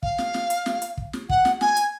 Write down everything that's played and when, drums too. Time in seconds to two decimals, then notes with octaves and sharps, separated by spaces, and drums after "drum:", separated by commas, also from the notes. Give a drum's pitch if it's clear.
0.03 F5, drum: kick
0.18 drum: snare
0.34 drum: snare
0.50 drum: hi-hat
0.66 drum: snare
0.82 drum: hi-hat
0.97 drum: kick
1.13 drum: snare
1.30 F#5, drum: kick
1.45 drum: snare
1.61 G#5, drum: snare
1.77 drum: hi-hat